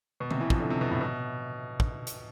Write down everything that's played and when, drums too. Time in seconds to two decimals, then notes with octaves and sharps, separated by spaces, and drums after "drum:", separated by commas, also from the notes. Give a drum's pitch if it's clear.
0.20 B2
0.31 C3, drum: tom D3
0.40 E3
0.50 F3, drum: kick
0.60 D3
0.70 C3
0.81 B2
0.91 A2
1.01 B2
1.80 drum: kick
2.07 drum: hi-hat